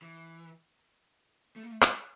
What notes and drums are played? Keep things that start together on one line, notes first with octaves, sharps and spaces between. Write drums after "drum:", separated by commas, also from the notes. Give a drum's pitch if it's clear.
E3
A3
A#3
A3
G#3, drum: clap